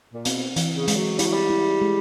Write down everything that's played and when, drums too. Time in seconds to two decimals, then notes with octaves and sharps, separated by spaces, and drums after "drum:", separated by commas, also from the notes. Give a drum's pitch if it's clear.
0.13 A#2
0.25 B2 C4, drum: hi-hat
0.56 E3, drum: hi-hat
0.73 C#3
0.88 G#3, drum: hi-hat
0.95 F#3
1.19 G3 E4, drum: hi-hat
1.26 F#3
1.33 G3
1.50 E4
1.81 G#3